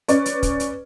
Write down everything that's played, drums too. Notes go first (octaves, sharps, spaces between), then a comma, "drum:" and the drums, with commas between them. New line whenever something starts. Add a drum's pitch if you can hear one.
C#4 B4 D5, drum: hi-hat
drum: hi-hat
drum: kick, hi-hat
drum: hi-hat